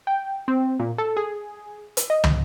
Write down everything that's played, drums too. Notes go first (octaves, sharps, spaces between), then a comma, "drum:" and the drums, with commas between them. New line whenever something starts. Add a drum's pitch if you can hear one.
G5
C4
A#2
A4
G#4
drum: hi-hat
D#5
drum: tom